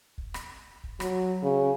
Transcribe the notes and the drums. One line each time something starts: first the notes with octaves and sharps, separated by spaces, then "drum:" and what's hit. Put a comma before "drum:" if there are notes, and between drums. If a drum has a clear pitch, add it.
drum: kick
drum: rim click
drum: kick
F#3, drum: rim click
C#3